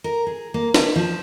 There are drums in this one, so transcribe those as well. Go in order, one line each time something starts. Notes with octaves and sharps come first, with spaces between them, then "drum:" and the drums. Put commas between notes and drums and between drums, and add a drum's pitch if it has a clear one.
A#4
G#4
A#3
B4, drum: snare
F3